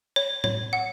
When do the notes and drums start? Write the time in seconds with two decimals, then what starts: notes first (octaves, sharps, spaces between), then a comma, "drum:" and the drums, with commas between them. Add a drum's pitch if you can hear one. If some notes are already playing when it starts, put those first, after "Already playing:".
0.16 C#5
0.44 C#5, drum: tom A2
0.73 F#5